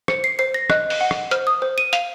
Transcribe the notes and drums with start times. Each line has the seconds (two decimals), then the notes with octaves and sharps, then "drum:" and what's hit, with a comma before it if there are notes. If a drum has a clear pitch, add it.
0.08 C5 C#7, drum: rim click
0.24 C7
0.39 C5 C7
0.54 A#6
0.70 D#5 F#6, drum: rim click
0.90 drum: open hi-hat
1.01 F#5
1.11 drum: rim click
1.31 C5 F6, drum: hi-hat
1.47 D#6
1.62 C5
1.78 D#7
1.93 F5 F7, drum: hi-hat